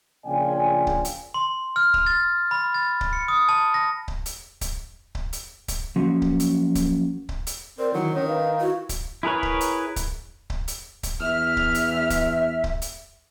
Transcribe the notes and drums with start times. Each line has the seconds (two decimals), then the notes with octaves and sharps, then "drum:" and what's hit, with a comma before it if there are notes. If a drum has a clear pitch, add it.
0.25 A#1 C#3 F4 D5 G5 G#5
0.87 drum: kick C#1
1.05 drum: hi-hat
1.34 C6
1.76 F6
1.94 drum: kick C#1
2.06 A6
2.51 B5
2.74 A6
3.01 drum: kick C#1
3.13 C#7
3.28 D#6
3.49 A5
3.74 A#6
4.08 drum: kick C#1
4.26 drum: hi-hat
4.61 drum: kick C#1, hi-hat
5.15 drum: kick C#1
5.33 drum: hi-hat
5.68 drum: kick C#1, hi-hat
5.96 F3 F#3 A#3 C#4 F#4
6.22 drum: kick C#1
6.40 drum: hi-hat
6.75 drum: kick C#1, hi-hat
7.29 drum: kick C#1
7.47 drum: hi-hat
7.78 C4 A#4 C5 D5
7.94 D#3 F#3 D#4 E4
8.15 D#3 C#4 C#5
8.28 B4 F5
8.60 E4 F#4
8.89 drum: kick C#1, hi-hat
9.23 E4 G#4 A#4 B4 C#5
9.43 drum: kick C#1
9.61 drum: hi-hat
9.96 drum: kick C#1, hi-hat
10.50 drum: kick C#1
10.68 drum: hi-hat
11.03 drum: kick C#1, hi-hat
11.20 E2 E5 F6
11.57 drum: kick C#1
11.75 drum: hi-hat
12.10 drum: kick C#1, hi-hat
12.64 drum: kick C#1
12.82 drum: hi-hat